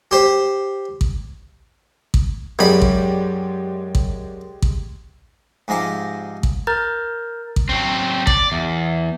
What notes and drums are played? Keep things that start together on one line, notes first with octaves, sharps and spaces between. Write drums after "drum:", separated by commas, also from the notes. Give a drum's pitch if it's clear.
G4 C5
drum: kick A1
drum: kick A1
F#2 G#3 G4 D5 B5
drum: kick A1
drum: kick A1
drum: kick A1
G#2 C3 F3 G#3 A#5 D6
drum: kick A1
A#4 A#5 F6 G6 A6
drum: kick A1
F#3 C4
D5, drum: kick A1
E2